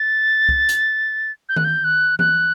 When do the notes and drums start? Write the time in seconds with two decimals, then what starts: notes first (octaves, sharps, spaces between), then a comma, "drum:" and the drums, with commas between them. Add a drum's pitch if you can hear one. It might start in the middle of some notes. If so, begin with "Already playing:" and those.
Already playing: A6
0.49 drum: kick C2
0.69 drum: hi-hat
1.49 G6
1.56 F#6, drum: tom D#3
1.64 G6
1.84 F#6
2.19 F#6, drum: tom E3